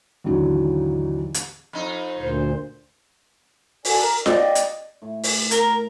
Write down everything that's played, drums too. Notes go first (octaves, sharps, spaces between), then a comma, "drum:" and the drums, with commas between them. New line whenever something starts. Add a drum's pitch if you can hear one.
D#2 G#2 D3 E3 F#3
drum: hi-hat
F2 D#4
D2 A#2 C5
F#4 A4 D5 G#5, drum: open hi-hat
A#4
D5 D#5 G5, drum: snare F4
drum: hi-hat
A2
drum: open hi-hat
A#4, drum: hi-hat